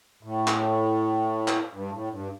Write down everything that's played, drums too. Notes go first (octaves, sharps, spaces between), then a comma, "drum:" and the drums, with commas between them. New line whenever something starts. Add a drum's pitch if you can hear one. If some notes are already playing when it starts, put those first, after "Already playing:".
A2
drum: clap
drum: clap
G2
A2
G2